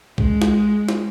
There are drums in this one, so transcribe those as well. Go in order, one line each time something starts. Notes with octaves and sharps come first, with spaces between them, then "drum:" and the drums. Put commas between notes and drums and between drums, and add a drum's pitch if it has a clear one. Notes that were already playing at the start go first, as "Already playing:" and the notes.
G#3, drum: kick B1
drum: snare
drum: snare